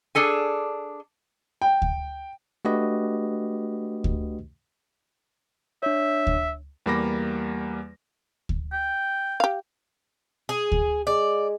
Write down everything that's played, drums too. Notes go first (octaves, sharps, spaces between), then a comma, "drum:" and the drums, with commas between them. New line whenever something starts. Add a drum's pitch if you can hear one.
D4 G#4 A4 G#5
G5
drum: kick D2
A3 D4 F#4 G4 B4 D#5
drum: kick D2
D4 C#5 E5
drum: kick D2
E2 G3 A#3 B5 D6 A#6
drum: kick D2
G5
G4 F5
G#4
drum: kick D2
G#3 D5